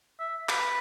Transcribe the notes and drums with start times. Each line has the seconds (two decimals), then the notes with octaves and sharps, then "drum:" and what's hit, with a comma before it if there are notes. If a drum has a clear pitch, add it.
0.20 E5
0.49 B4, drum: clap